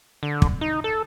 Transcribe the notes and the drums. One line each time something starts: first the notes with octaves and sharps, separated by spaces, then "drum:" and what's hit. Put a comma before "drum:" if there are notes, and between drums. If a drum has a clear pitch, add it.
D3
drum: kick
D#4
A4